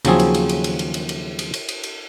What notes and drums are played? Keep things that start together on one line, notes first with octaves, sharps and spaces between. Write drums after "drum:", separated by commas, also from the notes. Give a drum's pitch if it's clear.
D#2 C#3 F3 F#3 C4 G#4, drum: cymbal
drum: cymbal
drum: cymbal
drum: cymbal
drum: cymbal
drum: cymbal
drum: cymbal
drum: cymbal
drum: cymbal
drum: cymbal
drum: cymbal
drum: cymbal